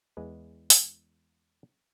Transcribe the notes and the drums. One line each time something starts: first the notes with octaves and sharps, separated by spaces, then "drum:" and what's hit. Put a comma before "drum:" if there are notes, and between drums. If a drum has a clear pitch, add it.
E2 G#3 B4
drum: open hi-hat